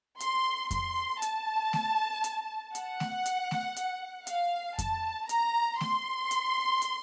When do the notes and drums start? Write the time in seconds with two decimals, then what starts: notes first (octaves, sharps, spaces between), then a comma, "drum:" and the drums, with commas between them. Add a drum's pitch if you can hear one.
0.20 C6, drum: hi-hat
0.71 C6, drum: kick F2, hi-hat
1.22 A5, drum: hi-hat
1.73 drum: snare A3
2.24 drum: hi-hat
2.75 F#5, drum: hi-hat
3.00 drum: snare A3
3.26 drum: hi-hat
3.51 drum: snare A3
3.76 drum: hi-hat
4.27 F5, drum: hi-hat
4.79 A5, drum: kick F2, hi-hat
5.29 A#5, drum: hi-hat
5.81 C6, drum: snare A3
6.31 drum: hi-hat
6.82 drum: hi-hat